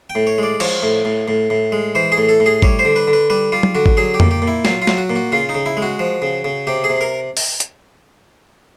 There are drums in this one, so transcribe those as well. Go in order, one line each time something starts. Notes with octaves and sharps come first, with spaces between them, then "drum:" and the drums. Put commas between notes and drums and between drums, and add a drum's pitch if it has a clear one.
G5
A2
C#5
G#3 D5
F3 C#5, drum: cymbal
A2
A2
A2
A2
G#3
E3 C5
G#4
A2
A4
A2
G#4
G3 C#5, drum: kick G#1
C5
D3
B4
D3
B4
G3 B4
G3 F4
drum: tom F#3
D3 F#4
drum: kick G#1
F#3 G#4
G4
A#2, drum: tom F2
G4
A#2
E4
F#3 F4, drum: snare
F4
F#3, drum: snare
F#4
A#2
F#4
C#3 F4
D#4
C#3
E4
G#3
F#4
F3
C#3
C#3
C3 G4
G#4
C3
A#4
drum: open hi-hat
drum: hi-hat